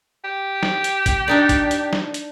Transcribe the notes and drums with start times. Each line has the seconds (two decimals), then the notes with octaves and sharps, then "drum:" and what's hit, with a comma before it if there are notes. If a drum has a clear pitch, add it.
0.24 G4
0.63 drum: snare
0.84 drum: hi-hat
1.06 drum: kick A1, hi-hat
1.28 D4 D#4 D5
1.49 drum: kick A1, hi-hat
1.71 drum: hi-hat
1.93 drum: snare
2.14 drum: hi-hat